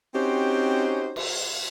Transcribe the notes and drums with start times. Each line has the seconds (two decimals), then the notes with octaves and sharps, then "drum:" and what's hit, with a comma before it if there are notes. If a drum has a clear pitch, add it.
0.14 C4 C#4 D#4 F#4 G4 C5
1.16 drum: cymbal